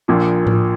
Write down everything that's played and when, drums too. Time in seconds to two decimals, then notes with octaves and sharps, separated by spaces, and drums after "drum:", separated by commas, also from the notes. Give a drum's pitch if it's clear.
0.08 A#1 A#2 F3
0.47 drum: tom A2